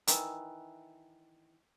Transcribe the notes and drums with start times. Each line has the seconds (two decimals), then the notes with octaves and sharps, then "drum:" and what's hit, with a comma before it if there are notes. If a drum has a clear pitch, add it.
0.07 D#3 E3, drum: hi-hat